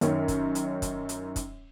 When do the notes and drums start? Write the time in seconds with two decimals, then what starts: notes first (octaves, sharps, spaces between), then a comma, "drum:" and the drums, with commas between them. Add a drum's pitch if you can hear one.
0.01 F#2 D#3 C#4, drum: hi-hat
0.28 drum: kick, hi-hat
0.55 drum: hi-hat
0.82 drum: kick, hi-hat
1.09 drum: hi-hat
1.36 drum: kick, hi-hat